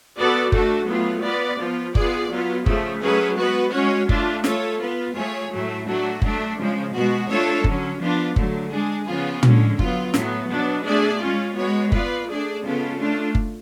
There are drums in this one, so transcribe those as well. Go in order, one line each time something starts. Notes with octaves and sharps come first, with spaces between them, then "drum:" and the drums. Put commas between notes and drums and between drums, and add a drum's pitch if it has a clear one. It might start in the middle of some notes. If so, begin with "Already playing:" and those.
B3 F#4 A4 D5
A3 D4 F#4 A4, drum: kick F#1
A2 F#3 B3 F4
B3 F4 B4 D5
F3 B3 F4
B3 F4 G#4 D5, drum: kick F#1
F#3 B3 F4
C#3 F3 A3, drum: kick F#1
F#3 A3 C#4 G#4 B4
G#3 B3 F#4 B4
G#3 C#4 F#4 C#5
A3 D4 F4, drum: kick F#1
A3 F4 A4 C#5, drum: snare
B3 F4 B4
A3 F4 G#4 C#5
A2 F#3 A3
F#3 A3 D4 F#4
F#3 A3 D4, drum: kick F#1
C#3 F3 G#3
B2 G#3 B3 F#4
A3 D4 F4 A4 C#5
D3 F#3 C#4, drum: kick F#1
F3 B3 D4 F4
D3 F#3 A3, drum: kick F#1
G#3 D4 G#4
C#3 F3 B3 F4 G#4
D3 G#3 C#4, drum: tom
F#3 B3 F4, drum: kick F#1
A2 F#3 B3, drum: snare
B2 F#3 B3 D4
A3 D4 G#4 D5
G#3 C#4 F4
G#3 B3 F#4 C#5
B3 F4 B4 D5, drum: kick F#1
A3 D4 G#4 D5
C#3 G#3 B3 F4 A4
A3 D4 F4
drum: kick F#1